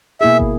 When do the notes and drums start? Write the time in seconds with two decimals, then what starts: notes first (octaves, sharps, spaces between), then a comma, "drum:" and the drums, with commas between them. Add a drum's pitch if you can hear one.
0.21 B2 A#3 E4 G#4 E5
0.40 drum: kick